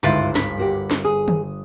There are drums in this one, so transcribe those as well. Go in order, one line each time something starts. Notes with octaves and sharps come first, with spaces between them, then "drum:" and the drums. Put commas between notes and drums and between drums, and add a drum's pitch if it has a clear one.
G1 C#2 G#2 E4 F4 B4 C5 A6
B5, drum: snare
A#3 F#4 G4
drum: snare
G#4 D#6
drum: tom